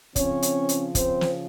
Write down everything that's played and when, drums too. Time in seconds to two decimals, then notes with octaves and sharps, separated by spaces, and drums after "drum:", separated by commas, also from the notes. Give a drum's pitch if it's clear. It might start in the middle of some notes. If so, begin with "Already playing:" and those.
0.16 C#3 F3 C4 C#4 C#5, drum: kick, hi-hat
0.42 drum: hi-hat
0.69 drum: hi-hat
0.95 C4 C5, drum: kick, hi-hat
1.21 drum: snare